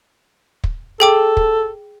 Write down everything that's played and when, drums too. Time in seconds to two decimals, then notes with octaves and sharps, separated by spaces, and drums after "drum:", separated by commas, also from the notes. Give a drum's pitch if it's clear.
0.64 drum: kick
1.00 G#4 A4 G5 D6
1.37 drum: kick